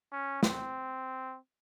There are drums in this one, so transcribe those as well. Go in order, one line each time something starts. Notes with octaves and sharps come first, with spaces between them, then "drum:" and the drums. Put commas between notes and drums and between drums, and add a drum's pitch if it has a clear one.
C#4
C4, drum: snare